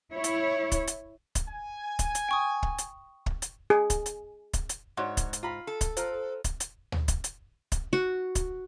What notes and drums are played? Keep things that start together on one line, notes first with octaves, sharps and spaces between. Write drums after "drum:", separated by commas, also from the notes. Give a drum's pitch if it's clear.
E4 C#5
drum: hi-hat
drum: kick, hi-hat
drum: hi-hat
drum: kick, hi-hat
G#5
drum: kick, hi-hat
drum: hi-hat
G5 C#6 D#6
drum: kick
drum: hi-hat
drum: kick
drum: hi-hat
G#4
drum: kick, hi-hat
drum: hi-hat
drum: kick, hi-hat
drum: hi-hat
G#2 D4 F#4 C#5
drum: kick, hi-hat
drum: hi-hat
F4 A#5 B5
A4
drum: kick, hi-hat
F4 C5 A#5 F6, drum: hi-hat
drum: kick, hi-hat
drum: hi-hat
drum: tom
drum: kick, hi-hat
drum: hi-hat
drum: kick, hi-hat
F#4
drum: kick, hi-hat